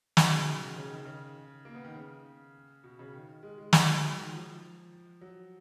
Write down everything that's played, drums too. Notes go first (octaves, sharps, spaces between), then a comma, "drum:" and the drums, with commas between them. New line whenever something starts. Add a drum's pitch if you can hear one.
B2, drum: snare
C#3
D#3
C#3
C#3
D#3
C#3
C#3
A#3
B3
D#3
C#3
B2
C#3
D#3
G#3
G#3
G#3, drum: snare
F#3
D#3
F3
F#3